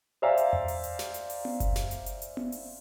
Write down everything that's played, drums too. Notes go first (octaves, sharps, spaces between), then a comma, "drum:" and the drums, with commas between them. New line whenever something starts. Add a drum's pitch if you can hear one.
C5 D5 E5 F5 G#5 A#5
drum: hi-hat
drum: tom E2
drum: open hi-hat
drum: hi-hat
drum: snare
drum: hi-hat
drum: open hi-hat
drum: tom B3
drum: kick F#1, hi-hat
drum: snare
drum: hi-hat
drum: hi-hat
drum: hi-hat
drum: tom B3
drum: open hi-hat